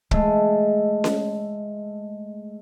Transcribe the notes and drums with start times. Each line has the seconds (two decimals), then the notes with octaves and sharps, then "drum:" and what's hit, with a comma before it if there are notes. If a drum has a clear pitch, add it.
0.11 G#3 A3, drum: kick
1.04 drum: snare C#4